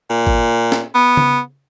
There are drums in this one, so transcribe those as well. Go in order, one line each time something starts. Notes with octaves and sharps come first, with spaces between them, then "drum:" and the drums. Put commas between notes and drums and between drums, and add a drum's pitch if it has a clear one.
A#2
drum: kick G#1
drum: snare
B3
drum: tom C#3